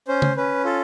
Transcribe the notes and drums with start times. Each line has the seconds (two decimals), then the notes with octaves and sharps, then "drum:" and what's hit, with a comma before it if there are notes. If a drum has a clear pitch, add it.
0.08 C#4 C5
0.22 drum: tom C#3
0.36 C#4 B4
0.65 F4 A4